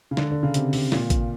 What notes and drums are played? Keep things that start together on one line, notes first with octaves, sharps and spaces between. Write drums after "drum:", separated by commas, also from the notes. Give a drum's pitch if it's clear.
C#3
D3, drum: snare
D3
C#3
C3, drum: hi-hat
C3, drum: open hi-hat
A#2, drum: snare
drum: kick A1, hi-hat